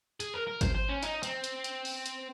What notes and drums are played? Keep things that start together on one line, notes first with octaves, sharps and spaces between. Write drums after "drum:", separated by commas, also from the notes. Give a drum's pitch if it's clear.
G#4, drum: hi-hat
A#4
A#4
C5, drum: kick, hi-hat
C5
C#4
D#4, drum: hi-hat
C4, drum: hi-hat
drum: hi-hat
drum: hi-hat
drum: open hi-hat
drum: hi-hat